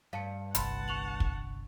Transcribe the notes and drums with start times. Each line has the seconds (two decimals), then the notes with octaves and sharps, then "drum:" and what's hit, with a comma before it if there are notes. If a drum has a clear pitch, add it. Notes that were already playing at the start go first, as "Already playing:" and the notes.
0.13 G2 F5 A5 C#7
0.55 G1 C2 F#5 A5 B5 C6, drum: hi-hat
0.88 C#6 F7 F#7
1.20 drum: kick